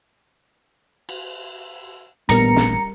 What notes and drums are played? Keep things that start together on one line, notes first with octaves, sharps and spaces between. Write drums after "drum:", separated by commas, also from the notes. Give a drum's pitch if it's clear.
drum: cymbal
A1 A#2 G3 B3 D4 A#4 A#5 C#7, drum: hi-hat
drum: snare